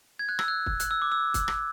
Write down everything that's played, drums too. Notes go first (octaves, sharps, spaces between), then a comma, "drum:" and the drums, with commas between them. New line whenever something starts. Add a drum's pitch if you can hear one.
G#6
F#6
E6, drum: rim click
F#6
drum: kick
F#6, drum: hi-hat
E6
D6
E6
drum: kick, hi-hat
drum: rim click